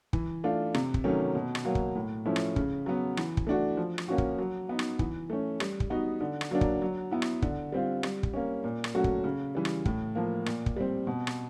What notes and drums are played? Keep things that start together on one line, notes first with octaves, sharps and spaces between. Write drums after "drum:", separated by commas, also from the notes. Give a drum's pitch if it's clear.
E3, drum: kick
A3 D4 F4
C3, drum: rim click
drum: kick
D#3 F#3 A3 C#4
B2
drum: rim click
F#3 A#3
drum: kick
A2
F3 A3 C#4 E4
drum: rim click
C#3, drum: kick
F#3 B3
E3, drum: rim click
drum: kick
A3 D4 F#4
F3
drum: rim click
A#3 C#4 F#4
drum: kick
F#3
B3 D#4
drum: rim click
E3, drum: kick
A3 C#4
G3, drum: rim click
drum: kick
B3 D#4 F#4
D3
drum: rim click
F#3 A#3 D4
drum: kick
F#3
B3 E4
drum: rim click
D3, drum: kick
G3 C4 F4
G3, drum: rim click
drum: kick
A#3 C#4
A#2
drum: rim click
F#3 A3 C#4 F#4
drum: kick
C#3
E3 G3
drum: rim click
A2, drum: kick
F3 A#3
A#2, drum: rim click
drum: kick
G3 C4
B2
drum: rim click